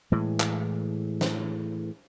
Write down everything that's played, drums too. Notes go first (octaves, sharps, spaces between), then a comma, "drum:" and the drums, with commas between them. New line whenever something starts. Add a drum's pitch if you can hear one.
A2 E3 G#3
drum: clap
drum: snare